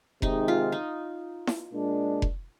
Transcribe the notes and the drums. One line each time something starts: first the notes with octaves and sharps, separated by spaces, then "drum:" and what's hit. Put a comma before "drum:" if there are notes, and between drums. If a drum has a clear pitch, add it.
C3 D#3 G#3 D#4, drum: kick F1
F4
D#4
drum: snare E4
A#2 G#3 D4
drum: kick F1